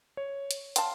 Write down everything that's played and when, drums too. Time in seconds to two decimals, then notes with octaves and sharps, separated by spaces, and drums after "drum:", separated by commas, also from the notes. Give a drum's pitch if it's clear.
0.17 C#5
0.51 drum: hi-hat
0.76 F5 G5 A5 C6, drum: hi-hat